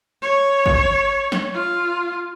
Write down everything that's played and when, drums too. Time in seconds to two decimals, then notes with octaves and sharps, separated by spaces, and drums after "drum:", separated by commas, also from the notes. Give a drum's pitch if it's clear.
0.22 C#5
0.66 drum: kick
1.32 drum: snare
1.54 F4